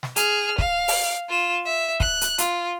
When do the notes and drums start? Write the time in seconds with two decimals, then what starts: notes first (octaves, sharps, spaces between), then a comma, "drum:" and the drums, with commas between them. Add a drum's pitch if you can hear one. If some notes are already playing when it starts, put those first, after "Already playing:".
0.03 drum: snare
0.16 G#4 F6, drum: hi-hat
0.58 F5, drum: kick
0.88 drum: open hi-hat
1.29 F4 E7
1.65 E5
2.00 F#6, drum: kick
2.21 drum: hi-hat
2.38 F4, drum: hi-hat